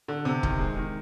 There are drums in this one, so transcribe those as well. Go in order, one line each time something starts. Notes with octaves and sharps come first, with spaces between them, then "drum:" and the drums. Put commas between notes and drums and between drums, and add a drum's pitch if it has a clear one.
D3
C3
D#3, drum: kick
G#3
D#3